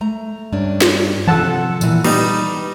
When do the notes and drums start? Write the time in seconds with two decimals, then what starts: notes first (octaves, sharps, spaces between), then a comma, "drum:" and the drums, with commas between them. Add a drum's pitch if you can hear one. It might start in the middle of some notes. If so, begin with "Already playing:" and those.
0.01 A3 A#5
0.52 G2 C#4 D4
0.81 drum: snare
1.28 C3 F3 A4 F#5 A5, drum: tom D#3
1.81 A#2 E3, drum: tambourine
2.04 G3 D#4 B4, drum: cymbal